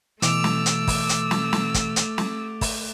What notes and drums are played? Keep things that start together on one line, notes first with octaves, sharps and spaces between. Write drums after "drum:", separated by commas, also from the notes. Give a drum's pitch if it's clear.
B2 E3 A3 D6 E6 D7 F7, drum: hi-hat
drum: snare
drum: hi-hat
drum: kick, open hi-hat
drum: hi-hat
drum: snare
drum: snare
drum: kick, hi-hat
drum: hi-hat
drum: snare
drum: kick, open hi-hat